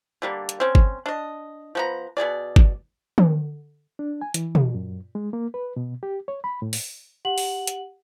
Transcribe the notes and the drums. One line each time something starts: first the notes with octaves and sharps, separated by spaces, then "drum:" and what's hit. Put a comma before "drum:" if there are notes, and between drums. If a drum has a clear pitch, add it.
D3 G3 A#3
drum: hi-hat
C4 C#4
drum: kick G1
D4 D#5
F3 B3 A#5
B2 G3 G#4 D5
drum: kick G1
drum: tom
D4
G#5
E3, drum: hi-hat
drum: tom
F#2
G#3
A#3
B4
B2
G4
C#5
B5
A2
drum: open hi-hat
G4 F#5 F#7
drum: open hi-hat
drum: hi-hat